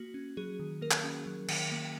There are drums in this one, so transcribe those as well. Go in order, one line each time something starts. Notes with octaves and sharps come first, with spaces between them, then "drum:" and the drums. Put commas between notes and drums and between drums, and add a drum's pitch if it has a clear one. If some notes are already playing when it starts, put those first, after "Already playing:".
Already playing: A#3 F#4
C#4
F#3 G#4
D#3
A#3 A#4
drum: clap
C#4
F#3
D#3, drum: cymbal
A#3